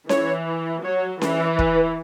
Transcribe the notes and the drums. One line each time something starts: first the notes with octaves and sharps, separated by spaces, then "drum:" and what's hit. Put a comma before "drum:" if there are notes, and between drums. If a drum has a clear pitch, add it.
E3 C#5, drum: snare C#4
F#3 C#5
E3, drum: snare C#4
B4, drum: kick